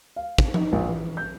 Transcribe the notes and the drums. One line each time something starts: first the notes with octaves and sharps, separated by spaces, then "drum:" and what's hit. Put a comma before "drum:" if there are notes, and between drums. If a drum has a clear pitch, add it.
F5
drum: kick
D#4, drum: tom F3
A#1
E3
G6